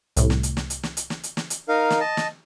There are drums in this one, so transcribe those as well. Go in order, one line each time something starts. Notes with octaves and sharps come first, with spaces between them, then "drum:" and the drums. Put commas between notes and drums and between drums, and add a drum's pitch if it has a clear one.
C2 A2, drum: hi-hat
drum: snare
drum: hi-hat
drum: snare
drum: hi-hat
drum: snare
drum: hi-hat
drum: snare
drum: hi-hat
drum: snare
drum: hi-hat
D#4 A#4 F5
drum: snare
D#5 A5
drum: snare